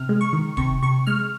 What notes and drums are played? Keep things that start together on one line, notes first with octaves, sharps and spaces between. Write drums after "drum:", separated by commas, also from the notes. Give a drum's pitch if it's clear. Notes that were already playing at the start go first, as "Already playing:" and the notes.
Already playing: C3 F6
G#3
C#6
D#3
C3 C#6, drum: kick
C3 C#6
G#3 F6